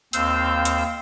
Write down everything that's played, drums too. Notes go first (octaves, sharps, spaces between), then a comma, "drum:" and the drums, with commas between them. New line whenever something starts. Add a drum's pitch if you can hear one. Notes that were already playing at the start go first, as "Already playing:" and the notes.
D#2 C4 F5 E6 G6, drum: hi-hat
drum: hi-hat